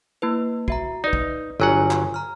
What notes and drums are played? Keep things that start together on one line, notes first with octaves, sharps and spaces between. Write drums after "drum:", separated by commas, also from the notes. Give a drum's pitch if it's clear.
A#3 E4 B4
F#4 E5 A#5, drum: kick
D#4 B4 D5
drum: kick
G1 F#3 A4 C#5 F#5 G#5
drum: clap
A#5 F6